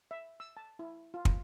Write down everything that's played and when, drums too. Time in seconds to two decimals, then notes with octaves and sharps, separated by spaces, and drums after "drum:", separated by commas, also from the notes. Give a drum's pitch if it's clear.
0.11 E5
0.40 E6
0.57 A5
0.79 E4
1.14 F4
1.25 drum: kick